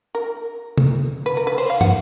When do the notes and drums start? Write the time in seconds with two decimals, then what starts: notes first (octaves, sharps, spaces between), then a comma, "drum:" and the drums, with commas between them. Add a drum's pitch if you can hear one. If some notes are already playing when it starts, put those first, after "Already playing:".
0.15 A#4
0.78 drum: tom
1.26 B4
1.37 A#4
1.47 B4
1.58 C5, drum: open hi-hat
1.70 F5
1.81 F#5, drum: tom